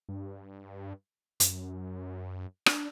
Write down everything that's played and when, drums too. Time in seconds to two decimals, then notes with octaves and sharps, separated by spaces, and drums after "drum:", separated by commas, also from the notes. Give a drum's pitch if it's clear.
0.09 G2
1.40 F#2, drum: hi-hat
2.66 D4, drum: rim click